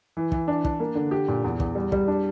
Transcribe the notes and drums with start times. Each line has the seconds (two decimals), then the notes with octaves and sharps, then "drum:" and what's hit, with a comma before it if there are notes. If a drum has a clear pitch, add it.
0.17 E3
0.32 E3, drum: kick
0.48 D4
0.65 D4, drum: kick
0.80 A#3
0.95 D3
1.11 G4
1.28 A#2
1.44 E2
1.60 E2, drum: kick
1.75 G3
1.92 G3, drum: kick
2.08 D4